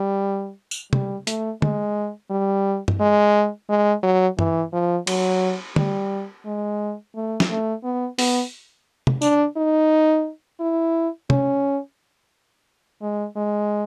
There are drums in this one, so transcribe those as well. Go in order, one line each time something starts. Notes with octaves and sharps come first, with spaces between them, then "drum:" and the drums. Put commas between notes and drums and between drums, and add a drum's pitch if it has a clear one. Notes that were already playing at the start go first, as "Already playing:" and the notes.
Already playing: G3
drum: tambourine
G3, drum: tom
A3, drum: hi-hat
G#3, drum: tom D3
G3
drum: tom G2
G#3
G#3
F#3
E3, drum: tom G2
F3
F#3, drum: cymbal
G3, drum: tom D3
G#3
A3
drum: snare
A3
B3
B3, drum: open hi-hat
drum: tom
D4, drum: tambourine
D#4
E4
C#4, drum: tom
G#3
G#3